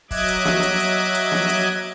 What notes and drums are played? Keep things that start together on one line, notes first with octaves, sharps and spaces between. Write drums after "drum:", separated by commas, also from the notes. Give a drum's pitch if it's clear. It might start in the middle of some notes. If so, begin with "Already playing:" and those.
F#3 D#5 E5 D6 F#6 G#6, drum: kick, open hi-hat
drum: hi-hat
drum: snare
drum: hi-hat
drum: hi-hat
drum: hi-hat
drum: snare
drum: hi-hat